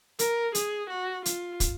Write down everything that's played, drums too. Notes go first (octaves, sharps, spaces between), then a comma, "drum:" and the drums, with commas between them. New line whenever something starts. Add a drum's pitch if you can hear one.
A#4, drum: hi-hat
G#4, drum: hi-hat
F#4
F4, drum: hi-hat
drum: kick, hi-hat